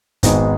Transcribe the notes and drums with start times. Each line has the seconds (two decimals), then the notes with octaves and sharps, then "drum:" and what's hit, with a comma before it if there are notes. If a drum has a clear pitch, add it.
0.23 G#1 G#2 G#3 B3 D#4, drum: kick, hi-hat